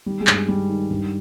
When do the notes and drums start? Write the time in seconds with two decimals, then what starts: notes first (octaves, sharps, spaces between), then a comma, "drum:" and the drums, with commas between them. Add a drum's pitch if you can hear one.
0.06 D#3 G3
0.21 G#3
0.27 G2, drum: clap
0.34 G#3
0.48 D#3 G3
0.69 D#3
0.90 G2